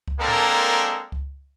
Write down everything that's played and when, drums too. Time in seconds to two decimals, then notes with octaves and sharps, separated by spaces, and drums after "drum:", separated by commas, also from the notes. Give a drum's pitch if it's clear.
0.08 drum: kick C#2
0.19 G#3 A#3 C4 D4 A4 A#4
0.28 drum: tom A2
1.12 drum: kick C#2